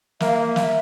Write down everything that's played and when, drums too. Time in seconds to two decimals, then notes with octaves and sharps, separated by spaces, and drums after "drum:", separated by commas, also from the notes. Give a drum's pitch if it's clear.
0.20 A#3 E5, drum: snare
0.28 F5
0.35 E5
0.42 F5
0.49 E5
0.56 F5, drum: snare
0.63 E5